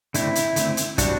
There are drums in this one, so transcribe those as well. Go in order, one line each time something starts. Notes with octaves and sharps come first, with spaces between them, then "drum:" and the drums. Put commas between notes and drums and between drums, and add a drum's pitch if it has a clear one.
D3 A3 C4 E4, drum: hi-hat
drum: hi-hat
D3 A3 C4, drum: hi-hat
drum: hi-hat
E3 G3 C4 D4 F#4, drum: kick, hi-hat